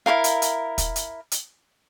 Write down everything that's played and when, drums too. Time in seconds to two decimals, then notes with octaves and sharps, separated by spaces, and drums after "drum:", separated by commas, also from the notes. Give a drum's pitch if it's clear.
0.06 E4 F4 A#4 F5
0.24 drum: hi-hat
0.42 drum: hi-hat
0.78 drum: kick, hi-hat
0.96 drum: hi-hat
1.32 drum: hi-hat